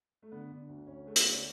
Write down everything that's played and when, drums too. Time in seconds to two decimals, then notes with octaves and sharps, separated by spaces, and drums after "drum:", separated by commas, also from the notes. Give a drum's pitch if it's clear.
0.23 A3
0.32 D3 B3
0.51 D3
0.69 D2
0.87 D2 C#4
1.06 G#3 A3
1.16 B3, drum: hi-hat
1.23 D2 C#4
1.33 D4